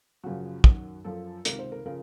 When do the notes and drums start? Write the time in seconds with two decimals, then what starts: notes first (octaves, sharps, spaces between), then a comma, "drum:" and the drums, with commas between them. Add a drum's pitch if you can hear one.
0.24 F#2 C#3 F3 F#4
0.64 F#2 D#3, drum: kick
1.04 F#2 F3 A4
1.45 C#2 C3 D#3 A#4, drum: hi-hat
1.59 C5
1.72 A#4
1.86 C#3 F3 A#4